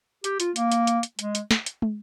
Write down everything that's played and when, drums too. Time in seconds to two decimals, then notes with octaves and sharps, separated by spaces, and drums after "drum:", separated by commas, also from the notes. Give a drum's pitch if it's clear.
0.24 G4, drum: hi-hat
0.40 F4, drum: hi-hat
0.56 A#3, drum: hi-hat
0.72 drum: hi-hat
0.87 drum: hi-hat
1.03 drum: hi-hat
1.19 G#3, drum: hi-hat
1.35 drum: hi-hat
1.51 drum: snare
1.66 drum: hi-hat
1.82 drum: tom